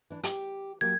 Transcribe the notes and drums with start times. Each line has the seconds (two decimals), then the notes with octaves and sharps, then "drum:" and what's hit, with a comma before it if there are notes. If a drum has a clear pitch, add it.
0.10 E3 D4
0.23 G4, drum: hi-hat
0.81 F#3 A#3 G4 G#6